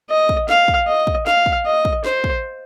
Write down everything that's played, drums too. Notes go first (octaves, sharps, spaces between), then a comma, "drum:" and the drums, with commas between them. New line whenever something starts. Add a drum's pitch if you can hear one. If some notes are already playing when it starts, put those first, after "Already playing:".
D#5
drum: kick
F5, drum: snare
drum: kick
D#5
drum: kick
F5, drum: snare
drum: kick
D#5
drum: kick
C5, drum: snare
drum: kick